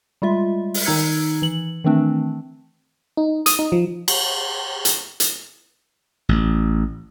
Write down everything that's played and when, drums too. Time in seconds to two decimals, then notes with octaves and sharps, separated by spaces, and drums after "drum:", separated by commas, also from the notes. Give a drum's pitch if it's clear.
0.22 G3 G#3 F4 E5
0.74 drum: open hi-hat
0.85 D#3 D#4 A#5 E6 G#6 C#7
1.42 E3 F#7
1.84 D#3 E3 A3 C4 D4
3.17 D#4
3.46 D#6, drum: hi-hat
3.59 D#4
3.72 F3
4.08 drum: cymbal
4.85 drum: hi-hat
5.20 drum: hi-hat
6.29 A1